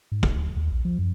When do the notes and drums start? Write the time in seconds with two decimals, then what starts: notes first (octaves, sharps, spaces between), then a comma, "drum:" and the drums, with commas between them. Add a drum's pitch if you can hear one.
0.12 G#2
0.23 D1, drum: kick
0.36 D2
0.56 D#2
0.72 A#1
0.85 F3
0.99 F#2